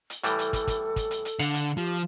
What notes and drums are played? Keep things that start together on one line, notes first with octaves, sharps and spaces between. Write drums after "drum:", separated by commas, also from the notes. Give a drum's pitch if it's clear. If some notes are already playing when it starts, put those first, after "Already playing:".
drum: hi-hat
A2 E3 G3 A4, drum: hi-hat
drum: hi-hat
drum: kick, hi-hat
drum: kick, hi-hat
drum: kick, hi-hat
drum: hi-hat
drum: hi-hat
D3 F5 F#5, drum: hi-hat
drum: hi-hat
F3 G4